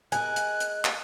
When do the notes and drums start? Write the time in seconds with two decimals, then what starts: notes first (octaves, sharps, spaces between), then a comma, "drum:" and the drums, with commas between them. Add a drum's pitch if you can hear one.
0.12 G#3 A#4 G#5 F#6, drum: hi-hat
0.36 drum: hi-hat
0.60 drum: hi-hat
0.85 drum: clap